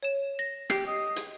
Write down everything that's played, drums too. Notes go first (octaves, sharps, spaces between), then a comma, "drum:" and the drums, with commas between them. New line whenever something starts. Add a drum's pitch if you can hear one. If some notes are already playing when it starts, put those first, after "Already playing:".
C#5 E7
A#6
G4 C7, drum: rim click
D#5
drum: hi-hat